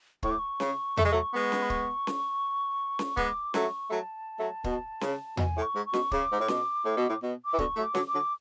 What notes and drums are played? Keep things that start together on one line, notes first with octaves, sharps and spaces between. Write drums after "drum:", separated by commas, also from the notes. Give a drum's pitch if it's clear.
A2 C#6, drum: kick
D6
C#6
C#3, drum: snare C#4
A3, drum: tom E2
G#3
F#3 A3
G#3 B3
drum: snare C#4
B5
C#6, drum: kick
drum: snare C#4
drum: snare C#4
G#3 B3 D6, drum: kick
F#3 A3 C#6, drum: snare C#4
F#3 A3 A5
F#3 A3
B2, drum: kick
C#3, drum: snare C#4
B2 G#5, drum: tom E2
A2
C#6
G#2
C#6
B2, drum: snare C#4
C#3 D6, drum: kick
G#2
A2
B2, drum: snare C#4
A2
B2
A2
B2
D6
E3
B2 D3 C#6, drum: kick
F#3 A3
D6
D3 F#3, drum: snare C#4
D6
D3 F#3